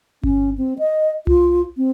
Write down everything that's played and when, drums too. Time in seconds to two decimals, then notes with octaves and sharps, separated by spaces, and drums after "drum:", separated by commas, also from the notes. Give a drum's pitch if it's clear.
0.23 C#4, drum: kick G1
0.58 C4
0.79 D#5
1.27 F4, drum: tom C2
1.77 C4